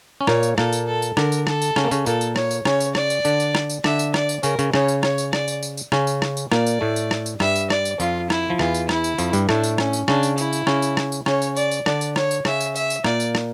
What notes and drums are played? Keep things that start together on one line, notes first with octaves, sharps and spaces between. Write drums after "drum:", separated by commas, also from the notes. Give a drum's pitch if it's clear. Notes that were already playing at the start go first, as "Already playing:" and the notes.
C#4
A#2 A#3 C#5, drum: rim click
drum: tambourine
A#2 A#3 A4, drum: rim click
drum: tambourine
A4
drum: tambourine
D3 D4 A#4, drum: rim click
drum: tambourine
A4, drum: rim click
drum: tambourine
C#3 C#4, drum: rim click
A#3
C#3 C#4, drum: tambourine
A#2 A#3 A4, drum: tambourine
drum: tambourine
C#5, drum: rim click
drum: tambourine
C#3 C#4 C#5, drum: rim click
drum: tambourine
D5, drum: rim click
drum: tambourine
D3 D4, drum: tambourine
drum: tambourine
drum: rim click
drum: tambourine
D3 D4 E5, drum: rim click
drum: tambourine
D5, drum: rim click
drum: tambourine
C#3 C#4 A#4, drum: tambourine
C#3 C#4, drum: tambourine
C#3 C#4 C#5, drum: rim click
drum: tambourine
C#5, drum: rim click
drum: tambourine
D5, drum: rim click
drum: tambourine
drum: tambourine
drum: tambourine
C#3 C#4, drum: rim click
drum: tambourine
drum: rim click
drum: tambourine
A#2 A#3 D5, drum: rim click
drum: tambourine
A2 A3
drum: tambourine
drum: rim click
drum: tambourine
G2 G3 E5, drum: rim click
drum: tambourine
D5, drum: rim click
drum: tambourine
F2 F3 F4, drum: tambourine
E4, drum: rim click
F3
E2 E3 F4, drum: rim click
drum: tambourine
E4, drum: rim click
drum: tambourine
F2 F3, drum: tambourine
G2 G3, drum: tambourine
A2 A3 D4, drum: rim click
drum: tambourine
C#4, drum: rim click
drum: tambourine
C#3 C#4 D4, drum: rim click
drum: tambourine
E4, drum: tambourine
drum: tambourine
C#3 C#4, drum: rim click
drum: tambourine
drum: rim click
drum: tambourine
C#3 C#4 C#5, drum: rim click
drum: tambourine
D5, drum: tambourine
drum: tambourine
D3 D4 D5, drum: rim click
drum: tambourine
C#5, drum: rim click
drum: tambourine
C#3 C#4 E5, drum: rim click
drum: tambourine
E5, drum: tambourine
drum: tambourine
A#2 A#3 D5, drum: rim click
drum: tambourine
drum: rim click